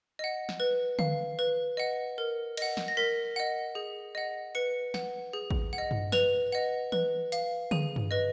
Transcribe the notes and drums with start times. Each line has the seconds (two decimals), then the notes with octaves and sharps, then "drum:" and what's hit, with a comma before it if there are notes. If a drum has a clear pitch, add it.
0.19 D#5 F#5
0.49 drum: snare
0.60 B4
0.99 F5, drum: tom D3
1.39 B4
1.77 D#5 F#5
2.18 A#4
2.57 D#5 F#5, drum: cymbal
2.77 drum: snare
2.88 A#6
2.97 A#4 B6
3.36 D#5 F#5
3.75 G#4
4.15 D#5 F#5
4.55 B4 C#7
4.94 F#5, drum: snare
5.33 G#4
5.51 drum: kick G#1
5.73 F#5
5.78 D#5
5.91 drum: tom G2
6.12 B4 F7, drum: snare
6.52 D#5 F#5
6.92 B4, drum: tom E3
7.32 F5, drum: hi-hat
7.71 G#4 D#7, drum: tom D3
7.96 drum: tom G2
8.11 B4 D#5